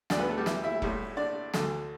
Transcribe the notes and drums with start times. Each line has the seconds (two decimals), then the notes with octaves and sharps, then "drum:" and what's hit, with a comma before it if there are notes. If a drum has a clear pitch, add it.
0.10 D2 D3 A3 D4 D5, drum: snare
0.19 B3 B4
0.28 A3 A4
0.38 G3 G4
0.46 E4, drum: snare
0.64 E4 E5
0.82 B1 A2 G3, drum: kick F1
1.17 D4 D5
1.54 D2 D3 A3, drum: snare